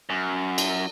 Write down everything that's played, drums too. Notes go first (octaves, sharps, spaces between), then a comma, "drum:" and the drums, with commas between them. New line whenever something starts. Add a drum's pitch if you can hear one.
F#2
drum: cymbal